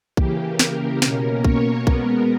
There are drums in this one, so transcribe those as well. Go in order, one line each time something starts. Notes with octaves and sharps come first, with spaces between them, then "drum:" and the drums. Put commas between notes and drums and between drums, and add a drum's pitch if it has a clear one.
C#3 E3 A#3 G4, drum: kick B1
A#4, drum: snare
B2 A#3 C#4, drum: snare
C#5, drum: kick B1
B2 G#3 B3 A#4, drum: kick B1